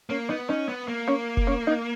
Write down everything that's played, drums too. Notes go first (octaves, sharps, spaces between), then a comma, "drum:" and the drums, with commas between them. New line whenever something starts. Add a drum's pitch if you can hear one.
A#3 C#4
B3 D#4
C#4 D#4
B3
A#3
C#4
drum: kick F1
C#4
D#4